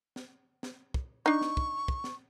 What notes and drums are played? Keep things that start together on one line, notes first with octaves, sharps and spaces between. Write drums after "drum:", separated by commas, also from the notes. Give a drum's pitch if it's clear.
drum: snare
drum: snare
drum: kick
D4 D#4 C#6
drum: snare
drum: kick
drum: kick
drum: snare